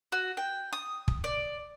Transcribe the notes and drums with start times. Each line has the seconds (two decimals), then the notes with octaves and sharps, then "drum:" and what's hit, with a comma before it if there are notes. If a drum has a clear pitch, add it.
0.12 F#4
0.37 G5
0.73 D#6
1.08 drum: kick
1.24 D5